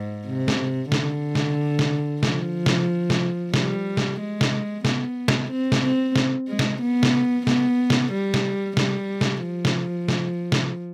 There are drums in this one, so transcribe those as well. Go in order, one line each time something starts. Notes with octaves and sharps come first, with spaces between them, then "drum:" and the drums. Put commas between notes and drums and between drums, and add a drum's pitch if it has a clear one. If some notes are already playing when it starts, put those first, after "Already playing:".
Already playing: G#2
C3
drum: snare
D3, drum: snare
drum: snare
drum: snare
F3, drum: snare
drum: snare
drum: snare
G3, drum: snare
drum: snare
G#3
drum: snare
B3, drum: snare
drum: snare
C4
drum: snare
C4
drum: snare
G#3
drum: snare
B3
drum: snare
B3, drum: snare
drum: snare
G3
drum: snare
G3, drum: snare
drum: snare
F3
drum: snare
drum: snare
drum: snare